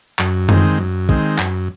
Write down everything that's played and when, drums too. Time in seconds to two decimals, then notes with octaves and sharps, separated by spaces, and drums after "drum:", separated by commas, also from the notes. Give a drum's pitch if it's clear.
0.19 F#2, drum: clap
0.49 D#3 G#3 C4, drum: tom F#2
0.79 F#2
1.09 D#3 G#3 C4, drum: kick
1.39 F#2, drum: clap